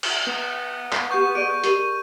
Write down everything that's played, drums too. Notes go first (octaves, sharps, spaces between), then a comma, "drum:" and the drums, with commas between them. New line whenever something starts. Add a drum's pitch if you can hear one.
drum: cymbal
B3
drum: clap
G4 F#5 C#6 G6
G#4 D5 C#6 D#7
G4 A#4 B5, drum: hi-hat